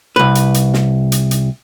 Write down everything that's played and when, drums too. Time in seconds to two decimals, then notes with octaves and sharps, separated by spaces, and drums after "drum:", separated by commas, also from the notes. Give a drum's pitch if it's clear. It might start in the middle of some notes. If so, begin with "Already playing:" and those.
0.16 C2 B4
0.35 drum: hi-hat
0.54 drum: hi-hat
0.74 drum: snare
1.12 drum: hi-hat
1.31 drum: hi-hat